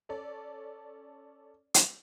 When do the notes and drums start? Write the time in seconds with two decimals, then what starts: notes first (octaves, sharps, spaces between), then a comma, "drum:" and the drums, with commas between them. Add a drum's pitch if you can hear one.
0.09 C#4 A4 D5
1.74 drum: hi-hat